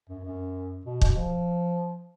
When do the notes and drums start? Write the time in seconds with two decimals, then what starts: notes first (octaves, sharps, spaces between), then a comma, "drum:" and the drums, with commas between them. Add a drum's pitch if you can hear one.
0.09 F#2
0.24 F#2
0.85 B2
1.01 B2, drum: kick
1.16 F3